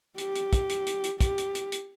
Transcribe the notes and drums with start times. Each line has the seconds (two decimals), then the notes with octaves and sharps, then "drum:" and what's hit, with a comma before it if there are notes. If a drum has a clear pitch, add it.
0.18 G4, drum: hi-hat
0.36 drum: hi-hat
0.53 drum: kick, hi-hat
0.70 drum: hi-hat
0.87 drum: hi-hat
1.04 drum: hi-hat
1.21 G4, drum: kick, hi-hat
1.38 drum: hi-hat
1.55 drum: hi-hat
1.72 drum: hi-hat